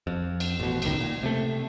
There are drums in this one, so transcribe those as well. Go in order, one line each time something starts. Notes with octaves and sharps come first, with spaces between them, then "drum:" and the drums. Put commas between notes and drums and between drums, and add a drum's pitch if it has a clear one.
F2
drum: cymbal
A1 B2
F#1 C#2 D#3, drum: cymbal
A#2
C3 A3